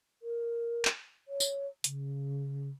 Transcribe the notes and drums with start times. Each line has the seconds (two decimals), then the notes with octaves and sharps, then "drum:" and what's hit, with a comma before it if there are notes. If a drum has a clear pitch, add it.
0.23 A#4
0.85 drum: clap
1.28 C#5
1.40 drum: tambourine
1.84 C#3, drum: hi-hat